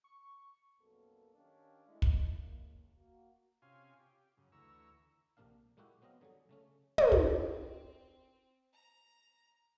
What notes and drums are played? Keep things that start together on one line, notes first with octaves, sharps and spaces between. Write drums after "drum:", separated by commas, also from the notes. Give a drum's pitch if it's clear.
C#6
C2 F#2 A#3 B3 A4 A#4
D#3 C#4 D4 G4 D5 F5
G#3 A3 D4 E4
drum: kick
C#2 A#3
A#3 F#4
C3 C#4 F4 F5 G#5
G4
F#2 C#3
D2 E3 A#5 C#6 E6
A#1 C3 A#3 D4 F5
A#2 G#3 A#3 E4 F#4 G4
F#3 B3 C4 D#5 F5
D3 F#3 G3 G#4
C#3 A3 C#4
drum: tom
C4, drum: kick
A#5